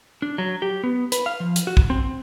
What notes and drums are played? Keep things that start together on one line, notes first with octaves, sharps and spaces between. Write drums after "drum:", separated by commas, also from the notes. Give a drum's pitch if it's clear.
D4
F#3
G4
B3
B4, drum: hi-hat
F5
F3
drum: hi-hat
F#4
drum: kick
C4